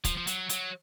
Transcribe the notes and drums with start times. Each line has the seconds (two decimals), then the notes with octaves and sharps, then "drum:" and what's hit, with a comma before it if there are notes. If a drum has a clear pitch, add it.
0.04 F3, drum: kick, hi-hat
0.17 F3
0.27 F#3, drum: hi-hat
0.49 F#3, drum: hi-hat